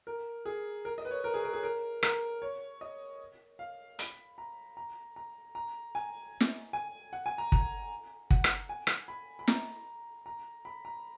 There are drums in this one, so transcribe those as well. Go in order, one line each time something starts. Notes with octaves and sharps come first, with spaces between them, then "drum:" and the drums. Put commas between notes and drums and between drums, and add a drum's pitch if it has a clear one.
A#4
G#4
A#4
D#5
B4
C#5
A#4
G#4
A#4
G#4
A#4
A#4, drum: rim click
C#5
D#5
F5
B5, drum: hi-hat
A#5
A#5
A#5
A#5
G#5
drum: snare
G#5
F#5
G#5
A#5
A#5, drum: kick
F#5, drum: kick
drum: rim click
G#5
drum: rim click
B5
B5
A#5, drum: snare
A#5
B5
A#5